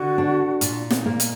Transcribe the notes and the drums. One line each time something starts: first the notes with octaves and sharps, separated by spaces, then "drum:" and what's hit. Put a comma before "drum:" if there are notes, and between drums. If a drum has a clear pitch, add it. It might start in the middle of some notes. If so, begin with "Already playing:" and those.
Already playing: D3 F#4
D4
A#2, drum: hi-hat
drum: snare
A#3
drum: hi-hat